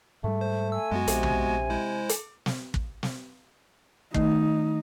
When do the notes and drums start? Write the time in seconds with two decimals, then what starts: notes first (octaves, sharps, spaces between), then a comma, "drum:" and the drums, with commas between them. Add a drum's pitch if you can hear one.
0.24 G#2 G3 A3
0.41 C5
0.72 G#5 E6
0.91 F#2 G#3 B3 F#4
1.08 A#1 C3, drum: hi-hat
1.23 drum: tom
1.70 G#3 E4 C5
2.09 drum: hi-hat
2.46 drum: snare
2.74 drum: kick
3.03 drum: snare
4.14 D#3 A3 D#4, drum: kick